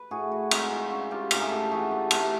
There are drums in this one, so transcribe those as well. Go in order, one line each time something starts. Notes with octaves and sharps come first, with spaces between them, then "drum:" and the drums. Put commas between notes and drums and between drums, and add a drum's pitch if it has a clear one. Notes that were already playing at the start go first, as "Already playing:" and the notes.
Already playing: B4
A2 F#4 G#4
F#4
G#3 F#4, drum: cymbal
F4
C#4 F#4
F4 G4
A2 G4, drum: cymbal
G#4
G4 A4
E3 F#4 G#4
G4 A4
A2 G4 A4, drum: cymbal